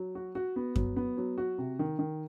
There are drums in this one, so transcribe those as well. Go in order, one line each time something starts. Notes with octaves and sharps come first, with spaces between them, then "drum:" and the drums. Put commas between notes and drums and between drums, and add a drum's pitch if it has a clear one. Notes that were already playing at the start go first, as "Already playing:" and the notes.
Already playing: F#3
F#4
F#4
B3
F#3, drum: kick F#2
B3
F#3
F#4
C3
D#3
D#3